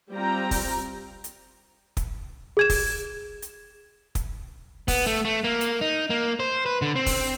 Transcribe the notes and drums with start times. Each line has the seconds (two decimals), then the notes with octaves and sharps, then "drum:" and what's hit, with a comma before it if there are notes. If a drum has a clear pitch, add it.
0.10 G3 C4 F4 G5 A#5
0.51 drum: kick, open hi-hat
1.24 drum: hi-hat
1.97 drum: kick, hi-hat
2.57 G#4 G#6 E7
2.70 drum: kick, open hi-hat
3.42 drum: hi-hat
4.15 drum: kick, hi-hat
4.88 B3, drum: kick, open hi-hat
5.06 A3
5.25 A3
5.44 A#3
5.61 drum: hi-hat
5.81 D#4
6.10 A#3
6.40 C5
6.66 B4
6.82 D3
6.96 C4
7.06 drum: kick, open hi-hat